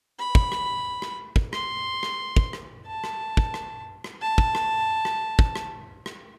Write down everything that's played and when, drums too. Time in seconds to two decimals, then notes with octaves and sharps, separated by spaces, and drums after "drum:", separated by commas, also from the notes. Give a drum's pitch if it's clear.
0.19 B5
0.35 drum: kick
0.52 drum: rim click
1.02 drum: rim click
1.36 drum: kick
1.53 C6, drum: rim click
2.03 drum: rim click
2.36 drum: kick
2.53 drum: rim click
2.87 A5
3.04 drum: rim click
3.37 drum: kick
3.54 drum: rim click
4.04 drum: rim click
4.21 A5
4.38 drum: kick
4.55 drum: rim click
5.05 drum: rim click
5.39 drum: kick
5.56 drum: rim click
6.06 drum: rim click